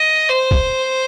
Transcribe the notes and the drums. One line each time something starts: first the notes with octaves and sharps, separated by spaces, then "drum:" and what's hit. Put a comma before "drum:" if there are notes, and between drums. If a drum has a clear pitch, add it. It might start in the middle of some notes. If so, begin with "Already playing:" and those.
Already playing: D#5
C5
drum: kick